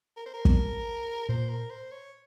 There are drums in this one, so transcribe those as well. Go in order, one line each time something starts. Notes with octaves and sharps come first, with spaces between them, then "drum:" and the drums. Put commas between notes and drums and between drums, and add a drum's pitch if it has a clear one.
A#4
C5
A#4
drum: kick
A#2 C5
A#4
C5
C#5